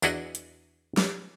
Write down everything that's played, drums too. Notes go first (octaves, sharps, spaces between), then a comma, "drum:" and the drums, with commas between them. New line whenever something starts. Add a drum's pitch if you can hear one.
E2 D4 E4 F#4 G#4 D#5, drum: tambourine
drum: hi-hat
drum: snare